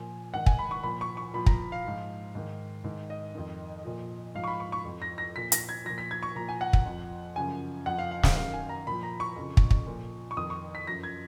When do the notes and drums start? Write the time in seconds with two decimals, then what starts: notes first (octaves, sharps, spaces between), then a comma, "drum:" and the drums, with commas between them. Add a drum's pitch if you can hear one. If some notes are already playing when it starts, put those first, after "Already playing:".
Already playing: A#2 F3 G#5
0.33 G#2 D#3 F#5
0.46 G#5, drum: kick
0.59 B5
0.71 C#6
0.83 A#2 F3 B5
1.01 C#6
1.17 C#6
1.33 A#2 F3 B5
1.46 A#5, drum: kick
1.72 F5
1.85 G#2 F3
2.35 G#2 D#3
2.84 G#2 D#3
3.10 D#5
3.35 F2 D#3
3.84 A#2 F3
4.35 G#2 F3 F5
4.44 C#6
4.47 B5
4.60 C#6
4.72 C#6
4.85 F2 F3
5.02 A#6
5.18 A#6
5.35 A#2 F3 B6
5.52 A#6, drum: hi-hat
5.69 G#6
5.85 A#2 F3 A#6
5.98 B6
6.11 G#6
6.23 C#6
6.35 A#2 F3 A#5
6.49 G#5
6.61 F#5
6.73 F#5, drum: kick
6.86 F2 F3
7.36 F#2 C#3 F3 G#5
7.86 F2 F3 F#5
7.99 F5
8.11 F5
8.23 F5, drum: snare
8.36 F#2 D#3 F5
8.53 G#5
8.69 A#5
8.87 A#2 F3 B5
9.03 A#5
9.20 C#6
9.36 F2 C#3 F3
9.57 drum: kick
9.71 drum: kick
9.86 A#2 F3
10.31 C#6
10.37 F2 D#3 D#6
10.50 C#6
10.75 B6
10.87 F#2 F3 A#6
11.03 G#6